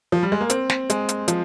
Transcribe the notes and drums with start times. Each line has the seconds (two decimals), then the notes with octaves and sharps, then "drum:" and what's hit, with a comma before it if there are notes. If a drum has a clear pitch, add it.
0.12 F3
0.23 G3
0.32 G#3
0.41 A#3
0.50 C4, drum: hi-hat
0.70 drum: snare
0.90 G#3, drum: hi-hat
1.09 drum: hi-hat
1.28 F3, drum: hi-hat